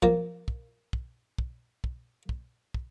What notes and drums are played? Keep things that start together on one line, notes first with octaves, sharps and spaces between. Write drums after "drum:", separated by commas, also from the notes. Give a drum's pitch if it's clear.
F3 A#3, drum: kick
drum: kick
drum: kick
drum: kick
drum: kick
drum: kick
drum: kick